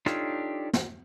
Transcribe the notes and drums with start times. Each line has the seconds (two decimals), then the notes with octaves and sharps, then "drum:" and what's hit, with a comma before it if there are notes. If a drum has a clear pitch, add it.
0.06 D4 D#4 F4 G4 A4 C#5, drum: rim click
0.73 drum: snare